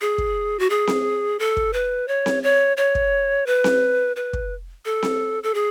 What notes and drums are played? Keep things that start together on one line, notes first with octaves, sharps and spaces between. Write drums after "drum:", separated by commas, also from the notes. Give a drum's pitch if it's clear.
G#4
drum: kick
F#4
G#4
drum: snare C4
A4
drum: kick
B4
C#5
drum: snare C4
C#5
C#5
drum: kick
B4
drum: snare C4
B4
drum: kick
A4
drum: snare C4
A4
G#4